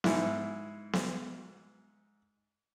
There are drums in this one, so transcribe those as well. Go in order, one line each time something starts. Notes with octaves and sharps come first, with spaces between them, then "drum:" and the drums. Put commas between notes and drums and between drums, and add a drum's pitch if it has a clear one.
G#2 E4, drum: snare B3
drum: snare B3